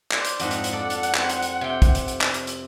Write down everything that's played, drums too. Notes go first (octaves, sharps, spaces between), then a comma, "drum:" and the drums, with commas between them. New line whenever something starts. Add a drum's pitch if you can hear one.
C5 D5, drum: clap
drum: hi-hat
F2 G#2 F#5, drum: hi-hat
drum: hi-hat
drum: hi-hat
A4 D5
drum: hi-hat
drum: hi-hat
C4, drum: clap
drum: hi-hat
drum: hi-hat
C3 G5
drum: kick, hi-hat
drum: hi-hat
drum: hi-hat
drum: clap
drum: hi-hat
drum: hi-hat